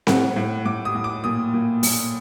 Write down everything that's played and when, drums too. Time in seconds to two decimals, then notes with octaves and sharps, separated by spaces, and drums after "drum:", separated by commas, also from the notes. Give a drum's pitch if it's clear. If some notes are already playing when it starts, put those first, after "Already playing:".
0.07 A2 F#5, drum: snare C4
0.36 A2
0.65 A2 D6
0.85 D#6
0.95 A2
1.04 D6
1.24 A#2 D#6
1.54 A#2
1.83 A#2, drum: open hi-hat